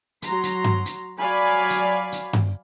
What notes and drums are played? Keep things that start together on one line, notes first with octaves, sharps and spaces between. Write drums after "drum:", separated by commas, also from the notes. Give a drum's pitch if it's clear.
F#3 A#5 C6, drum: hi-hat
drum: hi-hat
drum: tom G2
drum: hi-hat
F#3 D5 F5 G#5 B5
drum: hi-hat
drum: hi-hat
drum: tom G2